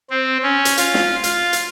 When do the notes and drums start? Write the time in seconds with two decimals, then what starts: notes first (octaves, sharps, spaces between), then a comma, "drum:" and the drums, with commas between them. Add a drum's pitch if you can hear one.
0.10 C4
0.43 C#4
0.65 drum: hi-hat
0.78 F4, drum: hi-hat
0.94 drum: snare
1.24 F4, drum: hi-hat
1.53 drum: hi-hat